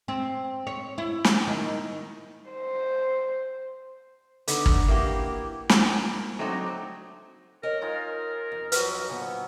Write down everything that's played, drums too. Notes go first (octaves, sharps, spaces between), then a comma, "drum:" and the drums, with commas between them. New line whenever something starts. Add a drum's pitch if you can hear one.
C4
C#5
E4
drum: snare
D#3
C5
D3 B3 D#4, drum: hi-hat
drum: kick
A#3 E4 F#4 G4
A#2, drum: snare
F#3 A3 C4 D4 D#4 F#4
A#4 C#5 D#5
D#4 F4 A#4 G#5
F2
F3 F#3 B4, drum: hi-hat
A#2 D3 B3